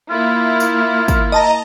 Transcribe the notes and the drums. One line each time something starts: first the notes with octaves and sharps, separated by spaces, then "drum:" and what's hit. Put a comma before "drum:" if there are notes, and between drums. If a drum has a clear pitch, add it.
A#3 E4 F4
drum: tambourine
drum: kick, tambourine
D#5 A5 A#5